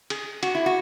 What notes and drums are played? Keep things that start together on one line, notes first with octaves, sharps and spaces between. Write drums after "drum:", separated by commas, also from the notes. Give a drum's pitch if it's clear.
G#4, drum: cymbal
F#4, drum: cymbal
E4
F#4